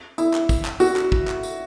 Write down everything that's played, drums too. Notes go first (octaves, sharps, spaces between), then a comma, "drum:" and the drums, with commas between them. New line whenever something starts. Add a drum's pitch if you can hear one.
E4, drum: tambourine
drum: clap
drum: kick, tambourine
drum: clap
F#4, drum: tambourine
drum: clap
drum: kick
drum: clap
drum: tambourine